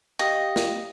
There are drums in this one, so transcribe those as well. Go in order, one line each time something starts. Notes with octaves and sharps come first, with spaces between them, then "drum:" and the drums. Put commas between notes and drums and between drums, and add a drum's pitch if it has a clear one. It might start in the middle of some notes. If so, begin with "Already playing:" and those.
G4 D#5 F5 G5
drum: snare